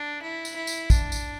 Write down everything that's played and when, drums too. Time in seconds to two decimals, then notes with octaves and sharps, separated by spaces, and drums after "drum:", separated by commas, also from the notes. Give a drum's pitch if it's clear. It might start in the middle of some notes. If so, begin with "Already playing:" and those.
Already playing: D4
0.23 E4
0.45 drum: tambourine
0.56 E4
0.67 drum: tambourine
0.90 D4, drum: kick, tambourine
1.12 drum: tambourine